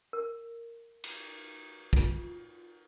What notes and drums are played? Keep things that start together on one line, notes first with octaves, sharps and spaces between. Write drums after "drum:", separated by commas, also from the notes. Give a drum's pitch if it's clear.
A#4
drum: cymbal
F4, drum: kick